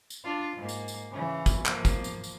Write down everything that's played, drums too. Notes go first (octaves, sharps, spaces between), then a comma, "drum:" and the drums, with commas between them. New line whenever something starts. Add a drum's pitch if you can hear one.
drum: tambourine
D4 F4
G#2 A#3
drum: tambourine
drum: tambourine
C#3 E3
drum: kick, tambourine
F3 A#3, drum: clap
drum: kick, tambourine
drum: tambourine
drum: tambourine